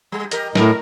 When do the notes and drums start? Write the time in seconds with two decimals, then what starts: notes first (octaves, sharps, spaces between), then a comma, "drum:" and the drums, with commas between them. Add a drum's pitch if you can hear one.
0.12 G3
0.31 G4 A#4 D#5, drum: hi-hat
0.55 A2 A#4, drum: snare